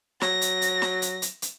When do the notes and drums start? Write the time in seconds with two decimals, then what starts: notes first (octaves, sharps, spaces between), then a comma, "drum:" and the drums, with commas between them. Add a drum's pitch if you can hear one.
0.21 F#3 A#6, drum: snare
0.42 drum: hi-hat
0.62 drum: hi-hat
0.82 drum: snare
1.02 drum: hi-hat
1.22 drum: hi-hat
1.42 drum: hi-hat